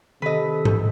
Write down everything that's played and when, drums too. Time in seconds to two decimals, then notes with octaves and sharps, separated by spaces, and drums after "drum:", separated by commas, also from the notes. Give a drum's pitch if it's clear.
0.22 C3 D#3 A4 B4 D#5 B6
0.65 drum: tom G#2